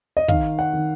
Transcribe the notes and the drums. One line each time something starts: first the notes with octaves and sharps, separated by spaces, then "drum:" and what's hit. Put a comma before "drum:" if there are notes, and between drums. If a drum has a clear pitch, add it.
D#5
D#3 F5, drum: kick
F#5
D#3